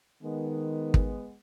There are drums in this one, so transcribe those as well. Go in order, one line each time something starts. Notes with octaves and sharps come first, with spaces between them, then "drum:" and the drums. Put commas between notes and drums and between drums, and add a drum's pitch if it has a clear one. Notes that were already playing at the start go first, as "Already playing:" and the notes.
D#3 G#3 B3
drum: kick